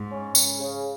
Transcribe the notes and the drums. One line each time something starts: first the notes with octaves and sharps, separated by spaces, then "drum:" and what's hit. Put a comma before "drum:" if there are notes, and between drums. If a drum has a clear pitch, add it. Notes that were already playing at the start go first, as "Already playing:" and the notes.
Already playing: G#2
C#4
C#3, drum: tambourine
C#3